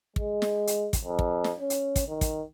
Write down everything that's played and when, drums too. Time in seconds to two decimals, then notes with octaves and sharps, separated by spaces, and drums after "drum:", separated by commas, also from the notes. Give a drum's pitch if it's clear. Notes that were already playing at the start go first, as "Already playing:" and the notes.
0.16 G#3, drum: kick
0.42 drum: snare
0.67 drum: hi-hat
0.93 drum: kick, hi-hat
1.04 F2
1.19 drum: kick
1.44 drum: snare
1.60 C#4
1.70 drum: hi-hat
1.96 drum: kick, hi-hat
2.08 D#3
2.21 drum: kick, hi-hat